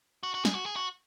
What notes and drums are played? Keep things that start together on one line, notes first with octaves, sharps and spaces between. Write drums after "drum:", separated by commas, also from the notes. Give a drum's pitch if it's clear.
F#4
F#4
G#4, drum: snare
F#4
G#4
F#4